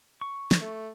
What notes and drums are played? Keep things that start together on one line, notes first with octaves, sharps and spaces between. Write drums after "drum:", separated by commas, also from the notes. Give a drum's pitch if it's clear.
C#6
drum: snare
A3